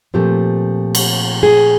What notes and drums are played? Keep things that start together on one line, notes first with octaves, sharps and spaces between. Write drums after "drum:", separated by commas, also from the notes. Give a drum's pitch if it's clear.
A#2 F3 A3 C4 G4
drum: cymbal
G#4